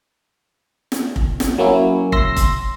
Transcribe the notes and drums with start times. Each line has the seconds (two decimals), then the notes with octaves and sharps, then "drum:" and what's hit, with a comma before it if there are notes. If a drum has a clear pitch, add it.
0.92 drum: snare
1.16 drum: kick F1
1.40 drum: snare
1.58 F#3 A#3 C#4 E4
2.12 C6 E6 A#6 C7, drum: kick F1
2.36 drum: kick F1, hi-hat